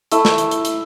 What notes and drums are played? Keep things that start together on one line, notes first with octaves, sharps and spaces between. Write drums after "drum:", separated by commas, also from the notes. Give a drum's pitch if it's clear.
A3 E4 E5, drum: hi-hat
drum: snare
drum: hi-hat
drum: hi-hat
drum: hi-hat